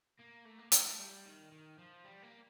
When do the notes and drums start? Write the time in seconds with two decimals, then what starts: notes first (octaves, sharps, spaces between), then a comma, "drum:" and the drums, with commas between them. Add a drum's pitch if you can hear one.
0.20 A#3
0.46 A3
0.59 A#3
0.72 A3, drum: hi-hat
0.99 G3
1.26 D#3
1.52 D#3
1.79 F3
2.05 G3
2.23 A#3